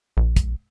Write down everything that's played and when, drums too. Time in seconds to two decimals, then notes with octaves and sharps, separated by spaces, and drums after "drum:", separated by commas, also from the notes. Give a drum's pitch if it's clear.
0.17 A#1
0.36 drum: kick, hi-hat